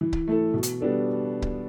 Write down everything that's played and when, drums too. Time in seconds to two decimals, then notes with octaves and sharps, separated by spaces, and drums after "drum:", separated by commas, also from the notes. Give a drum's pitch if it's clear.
0.01 E3
0.13 drum: kick C#1
0.28 A3 E4 A4
0.54 B2
0.63 drum: hi-hat
0.81 G3 B3 D4 A4
1.42 drum: kick C#1